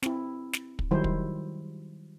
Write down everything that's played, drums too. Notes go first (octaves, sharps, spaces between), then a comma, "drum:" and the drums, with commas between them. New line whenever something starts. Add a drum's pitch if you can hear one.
C4 E4, drum: snare
drum: snare
drum: kick
D#3 F#3 G3 E4 C5
drum: kick